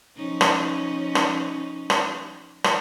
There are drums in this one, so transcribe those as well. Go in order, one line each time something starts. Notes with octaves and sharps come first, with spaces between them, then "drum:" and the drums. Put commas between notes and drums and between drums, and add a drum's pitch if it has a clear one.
F3 C#4 D#4
drum: rim click
drum: rim click
drum: rim click
drum: rim click